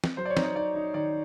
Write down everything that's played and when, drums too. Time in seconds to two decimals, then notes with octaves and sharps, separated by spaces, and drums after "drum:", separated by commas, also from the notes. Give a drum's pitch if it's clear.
0.04 drum: snare
0.17 F#3 C5
0.25 D5
0.30 C#5
0.37 D#4, drum: snare
0.44 D5
0.56 D#4 D5
0.75 D#4
0.94 D#3 D5